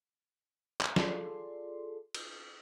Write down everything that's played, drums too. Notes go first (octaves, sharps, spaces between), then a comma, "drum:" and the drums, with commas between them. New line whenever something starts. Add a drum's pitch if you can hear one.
drum: clap
F4 G#4 A4 D5 C6, drum: snare
drum: cymbal